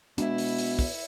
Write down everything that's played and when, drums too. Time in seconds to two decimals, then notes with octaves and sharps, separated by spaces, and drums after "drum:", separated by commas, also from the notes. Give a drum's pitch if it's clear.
0.18 B2 G#3 D4 E4, drum: hi-hat
0.38 drum: open hi-hat
0.58 drum: open hi-hat
0.79 drum: kick, open hi-hat